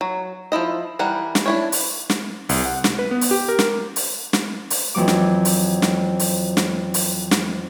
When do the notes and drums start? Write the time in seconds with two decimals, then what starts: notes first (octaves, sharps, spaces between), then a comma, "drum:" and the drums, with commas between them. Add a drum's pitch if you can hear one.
0.01 F#3
0.52 F3 A#3 E4 D#5
0.99 E3 G3 A#4 F#5
1.35 drum: snare
1.46 D4 E4 C#5
1.72 drum: open hi-hat
2.10 drum: snare
2.49 C2, drum: open hi-hat
2.65 F#5
2.84 drum: snare
2.99 B4
3.11 B3
3.21 drum: open hi-hat
3.31 G4
3.49 A#4
3.59 drum: snare
3.96 drum: open hi-hat
4.33 drum: snare
4.70 drum: open hi-hat
4.95 F2 E3 F#3 D6
5.08 drum: snare
5.45 drum: open hi-hat
5.82 drum: snare
6.19 drum: open hi-hat
6.57 drum: snare
6.94 drum: open hi-hat
7.31 drum: snare